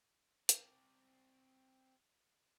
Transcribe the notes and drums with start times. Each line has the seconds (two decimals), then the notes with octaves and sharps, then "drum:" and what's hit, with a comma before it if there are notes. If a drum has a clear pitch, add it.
0.49 C4 D5, drum: hi-hat